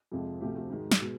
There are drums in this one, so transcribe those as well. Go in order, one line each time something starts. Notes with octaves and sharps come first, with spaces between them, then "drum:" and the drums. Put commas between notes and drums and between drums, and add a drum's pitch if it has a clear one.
F2 C3 F3 G#3
D2 C3 F3 A3 G4
F#4
G#2 D#3 G#3
drum: snare
B2 G#3